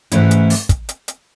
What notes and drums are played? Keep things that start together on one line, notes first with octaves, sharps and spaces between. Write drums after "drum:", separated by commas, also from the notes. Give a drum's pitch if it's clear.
G#2 E3 A3 C#4 E4, drum: hi-hat
drum: hi-hat
drum: open hi-hat
drum: kick, hi-hat
drum: hi-hat
drum: hi-hat